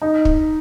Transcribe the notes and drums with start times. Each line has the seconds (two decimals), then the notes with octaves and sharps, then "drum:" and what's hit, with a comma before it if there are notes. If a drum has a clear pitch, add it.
0.02 D#4
0.25 drum: kick